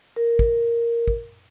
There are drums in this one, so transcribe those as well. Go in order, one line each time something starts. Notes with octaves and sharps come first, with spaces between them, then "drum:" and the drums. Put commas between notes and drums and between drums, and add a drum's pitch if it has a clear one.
A#4
drum: kick
drum: kick